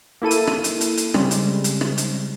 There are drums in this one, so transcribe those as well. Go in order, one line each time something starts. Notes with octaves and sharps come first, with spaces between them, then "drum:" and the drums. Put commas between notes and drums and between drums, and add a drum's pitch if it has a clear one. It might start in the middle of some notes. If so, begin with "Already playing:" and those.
A#3 E4 A4 D#7
drum: hi-hat
drum: rim click
drum: hi-hat
drum: hi-hat
drum: hi-hat
C#3 G3 G#3 C4, drum: rim click
drum: hi-hat
drum: hi-hat
drum: rim click
drum: hi-hat